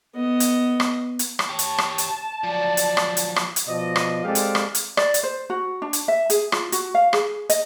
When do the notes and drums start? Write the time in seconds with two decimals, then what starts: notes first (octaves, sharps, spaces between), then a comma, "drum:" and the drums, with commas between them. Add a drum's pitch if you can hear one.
0.15 B3 D#5
0.40 drum: hi-hat
0.80 drum: rim click
1.19 drum: hi-hat
1.39 drum: rim click
1.49 G4 C#5 A5
1.59 drum: hi-hat
1.78 drum: rim click
1.98 drum: hi-hat
2.44 F3 F#3 D5
2.77 drum: hi-hat
2.97 drum: rim click
3.17 drum: hi-hat
3.36 drum: rim click
3.56 drum: hi-hat
3.68 B2 F3 D5 D#5
3.96 drum: rim click
4.24 G#3 C4 G4 A4 D5 F5
4.35 drum: hi-hat
4.55 drum: rim click
4.75 drum: hi-hat
4.97 D5, drum: rim click
5.14 drum: hi-hat
5.23 C5
5.50 F#4
5.82 D4
5.93 drum: hi-hat
6.08 E5
6.30 G#4, drum: hi-hat
6.52 F4, drum: rim click
6.72 F#4, drum: hi-hat
6.95 F5
7.13 G#4, drum: rim click
7.50 D#5, drum: hi-hat